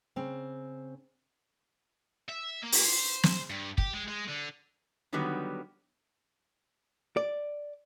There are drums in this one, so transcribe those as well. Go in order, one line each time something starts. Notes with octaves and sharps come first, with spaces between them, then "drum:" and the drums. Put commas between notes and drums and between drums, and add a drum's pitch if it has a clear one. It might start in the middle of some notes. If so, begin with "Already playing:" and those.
C#3 C4
E5
A#3
drum: open hi-hat
C5
drum: snare
G2
G4, drum: kick
G#3
G#3
D3
D3 D#3 F#3 G3 B3 D#4
D5